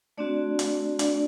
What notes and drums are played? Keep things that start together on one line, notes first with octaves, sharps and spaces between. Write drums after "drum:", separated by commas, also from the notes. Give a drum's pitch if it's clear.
A3 C4 D4 F#4 D5
drum: hi-hat
D4 D5, drum: hi-hat